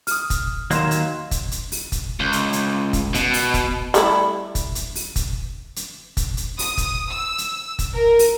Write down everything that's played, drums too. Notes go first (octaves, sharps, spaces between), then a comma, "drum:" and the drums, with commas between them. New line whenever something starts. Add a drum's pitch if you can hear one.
D#6 F6, drum: open hi-hat
drum: kick, hi-hat
D#2 F#3 A#3 D#5 C6 E7, drum: hi-hat
drum: hi-hat
drum: kick, hi-hat
drum: hi-hat
drum: open hi-hat
drum: kick, hi-hat
C#2
drum: hi-hat
drum: hi-hat
drum: kick, hi-hat
B2, drum: hi-hat
drum: open hi-hat
drum: kick, hi-hat
G3 A3 E4, drum: hi-hat
drum: kick, hi-hat
drum: hi-hat
drum: open hi-hat
drum: kick, hi-hat
drum: hi-hat
drum: kick, hi-hat
drum: hi-hat
D#6, drum: open hi-hat
drum: kick, hi-hat
E6
drum: hi-hat
drum: kick, hi-hat
A#4
drum: open hi-hat